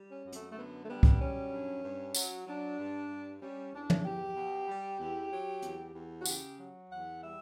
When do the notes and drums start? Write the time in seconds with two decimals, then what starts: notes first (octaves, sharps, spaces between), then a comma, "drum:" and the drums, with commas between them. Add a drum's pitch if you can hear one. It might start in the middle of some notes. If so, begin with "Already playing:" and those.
Already playing: G3
0.09 C#4
0.24 F#2
0.32 A3, drum: hi-hat
0.49 A3
0.56 D3 B3
0.82 A3
0.87 G3 B3
1.03 drum: kick C2
1.20 F#2 C#4
1.51 G2
1.83 G2
2.14 F#3, drum: tambourine
2.46 F#3 D4
2.78 G2
3.09 G2
3.41 G3 C#4
3.73 E2 D4
3.90 drum: tom
4.04 E2 G4
4.35 B2
4.67 G3
4.99 E2
5.31 F#3
5.62 E2, drum: hi-hat
5.94 E2
6.19 F#4
6.26 C#3 G4, drum: tambourine
6.57 F#3
6.88 E2 F#5
7.21 G3 E5